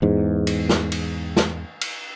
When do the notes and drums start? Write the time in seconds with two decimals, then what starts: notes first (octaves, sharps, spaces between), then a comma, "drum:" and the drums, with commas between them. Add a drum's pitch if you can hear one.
0.02 E2 G#2
0.47 drum: cymbal
0.69 drum: snare
0.92 drum: cymbal
1.37 drum: snare
1.81 drum: cymbal